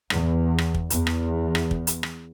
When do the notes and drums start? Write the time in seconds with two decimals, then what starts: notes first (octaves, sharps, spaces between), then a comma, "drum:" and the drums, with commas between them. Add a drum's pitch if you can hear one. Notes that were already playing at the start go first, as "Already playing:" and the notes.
0.10 E2, drum: rim click
0.58 drum: rim click
0.75 drum: kick
0.90 E2, drum: hi-hat
1.07 drum: rim click
1.55 drum: rim click
1.71 drum: kick
1.87 drum: hi-hat
2.03 drum: rim click